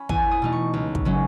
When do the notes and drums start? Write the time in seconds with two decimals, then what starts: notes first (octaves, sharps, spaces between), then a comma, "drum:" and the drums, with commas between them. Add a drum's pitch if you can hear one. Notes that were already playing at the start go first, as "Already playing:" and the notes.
Already playing: C#4 B5
0.09 E2 G#5, drum: kick
0.31 D#6
0.42 B2 A3 D#4
0.52 C#6
0.74 C#2
0.95 drum: kick
1.05 C#3 F#3 C#4